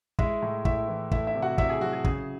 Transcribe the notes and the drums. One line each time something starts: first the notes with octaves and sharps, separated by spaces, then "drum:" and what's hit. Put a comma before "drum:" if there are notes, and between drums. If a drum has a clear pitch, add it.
G#3 E4 E5, drum: kick
A2
A2 E4 E5, drum: kick
E3
A3 E4 E5, drum: kick
E4 E5
C3
F#4 F#5
C3 E4 E5, drum: kick
G#4
F#3 F#4
G#4
C#3 G#4, drum: kick